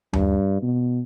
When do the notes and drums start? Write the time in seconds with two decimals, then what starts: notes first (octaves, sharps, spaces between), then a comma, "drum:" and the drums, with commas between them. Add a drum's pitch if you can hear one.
0.13 G2, drum: tom D#2
0.63 B2